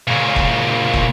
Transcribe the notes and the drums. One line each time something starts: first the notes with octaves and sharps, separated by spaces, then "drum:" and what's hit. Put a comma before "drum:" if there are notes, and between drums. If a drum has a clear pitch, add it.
A#2 C#3
drum: kick
drum: kick